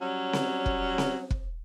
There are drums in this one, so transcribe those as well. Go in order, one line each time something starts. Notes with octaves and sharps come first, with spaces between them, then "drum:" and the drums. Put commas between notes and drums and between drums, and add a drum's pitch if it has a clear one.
F#3 G3 C#4
drum: snare C4
drum: kick
drum: snare C4
drum: kick